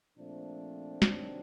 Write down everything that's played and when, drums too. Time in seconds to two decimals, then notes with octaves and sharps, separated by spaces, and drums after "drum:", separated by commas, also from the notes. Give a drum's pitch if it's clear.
0.17 A#2 F3 A3 C4 D4
1.02 C3 D#3 F#3, drum: snare